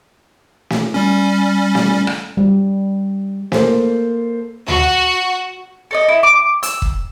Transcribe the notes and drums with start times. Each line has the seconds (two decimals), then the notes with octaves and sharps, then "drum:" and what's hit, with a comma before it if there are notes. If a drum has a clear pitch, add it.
0.70 drum: snare
0.94 G3 C#4
1.75 drum: snare
2.07 drum: rim click
2.37 G3
3.52 A#3 A4 C5, drum: snare
4.68 F#4, drum: tom D2
5.91 A4 D5 D#5
6.08 E4
6.23 D6
6.63 E6, drum: hi-hat
6.82 drum: kick